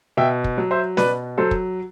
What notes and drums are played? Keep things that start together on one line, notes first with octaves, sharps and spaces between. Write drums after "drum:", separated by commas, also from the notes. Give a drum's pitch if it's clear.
B2 E5 G5
drum: kick
F#3
C5 E5
B2 B4 D5, drum: snare
F#3 A4 C5
drum: kick